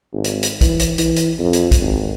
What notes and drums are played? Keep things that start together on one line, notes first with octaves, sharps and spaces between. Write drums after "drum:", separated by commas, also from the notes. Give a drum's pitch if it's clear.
G#1
drum: hi-hat
drum: hi-hat
E3, drum: kick B1, hi-hat
drum: hi-hat
E3, drum: hi-hat
drum: hi-hat
F2
drum: hi-hat
drum: kick B1, hi-hat
G#1